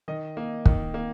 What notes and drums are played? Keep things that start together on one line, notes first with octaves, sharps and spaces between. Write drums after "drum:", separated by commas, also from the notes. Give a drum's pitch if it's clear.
D#3 D#5
A#3
D#3, drum: kick
A#3